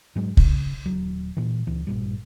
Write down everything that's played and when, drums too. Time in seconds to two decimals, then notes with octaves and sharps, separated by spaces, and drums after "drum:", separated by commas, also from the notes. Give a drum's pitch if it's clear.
0.16 G#2 F#3 G#3
0.37 C#3, drum: kick
0.85 D#1 F#3
1.37 A#2 E3
1.67 C#2 E3
1.87 A1 G2 A#2 G3